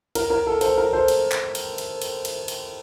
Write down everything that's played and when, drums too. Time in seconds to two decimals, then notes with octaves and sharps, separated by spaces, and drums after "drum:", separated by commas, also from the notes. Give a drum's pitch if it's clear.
0.15 A#4, drum: cymbal
0.30 A#4
0.47 A4
0.61 A4 C5, drum: cymbal
0.78 A#4
0.93 A4 C5
1.08 drum: cymbal
1.32 drum: clap
1.55 drum: cymbal
1.78 drum: cymbal
2.02 drum: cymbal
2.25 drum: cymbal
2.48 drum: cymbal